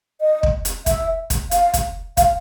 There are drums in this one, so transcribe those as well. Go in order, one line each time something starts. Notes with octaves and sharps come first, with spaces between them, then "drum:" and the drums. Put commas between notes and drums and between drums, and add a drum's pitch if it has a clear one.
D#5
drum: kick
drum: hi-hat
E5, drum: kick, hi-hat
drum: kick, hi-hat
F5, drum: hi-hat
drum: kick, hi-hat
F5, drum: kick, hi-hat